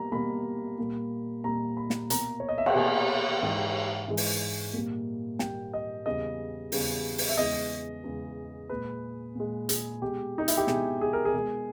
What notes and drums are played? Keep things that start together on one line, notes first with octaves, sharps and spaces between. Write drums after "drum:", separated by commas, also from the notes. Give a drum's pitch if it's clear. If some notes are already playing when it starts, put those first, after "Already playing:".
Already playing: B2 G3 A#3 A#5
B2 G3 A#3 B5
A#2 G3 A#3
A#2 G3 A#3 A#5
B5
drum: snare
B2 A#3 A#5, drum: hi-hat
C#5
D#5
E5
G5, drum: cymbal
B2 A#3 G#5
G#2 E3 G#3
G#2 E3 G#3
drum: open hi-hat
A#2 G3 A#3
A#2 G3 A#3 G5, drum: snare
D#5
E2 C#3 G3 D#5
E2 C#3 G3, drum: open hi-hat
drum: open hi-hat
E5
E2 C#3 G#3 D#5
E2 C#3 G#3
A#2 G#3 B4
A#2 G#3
G#4, drum: hi-hat
B2 G#3 G4
D#4
E4, drum: hi-hat
G4
B2 G#3 G#4, drum: snare
G#4
A#4
G#4
B2 G#3